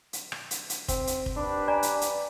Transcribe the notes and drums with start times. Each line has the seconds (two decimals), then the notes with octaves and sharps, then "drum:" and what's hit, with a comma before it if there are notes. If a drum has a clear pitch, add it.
0.13 drum: hi-hat
0.32 drum: rim click
0.51 drum: hi-hat
0.70 drum: hi-hat
0.88 C4, drum: kick, hi-hat
1.07 drum: hi-hat
1.26 drum: kick
1.36 D4 G4 B4
1.68 D5 G#5 A#5
1.83 drum: hi-hat
2.01 drum: hi-hat